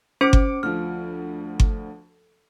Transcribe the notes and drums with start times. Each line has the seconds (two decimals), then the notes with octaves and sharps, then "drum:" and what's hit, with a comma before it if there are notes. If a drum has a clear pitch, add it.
0.21 C#4 C5 D6 C#7 D7
0.33 drum: kick G1
0.63 D2 F3 F6
1.60 drum: kick G1